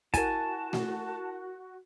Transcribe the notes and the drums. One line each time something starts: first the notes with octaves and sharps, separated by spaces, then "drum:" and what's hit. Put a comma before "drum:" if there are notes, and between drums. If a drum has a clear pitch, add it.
E4 F#4 A#4 G#5 A5, drum: kick, hi-hat
drum: snare A3